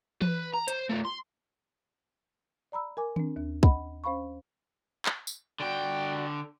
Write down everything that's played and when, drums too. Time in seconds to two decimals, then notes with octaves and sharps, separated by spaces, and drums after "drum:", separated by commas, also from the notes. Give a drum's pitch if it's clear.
0.22 B4, drum: tom E3
0.54 A#5
0.68 C5, drum: hi-hat
0.90 A3 F4
1.05 C6
2.72 D5 A#5 B5 E6
2.97 A#4 G#5 D6
3.16 C4 D4, drum: tom D#3
3.36 D#2 D4
3.63 D#5 F#5 B5, drum: kick
4.04 C#4 C5 F5 B5 C#6
5.06 drum: clap
5.27 drum: tambourine
5.60 D3 F#4 D5 G5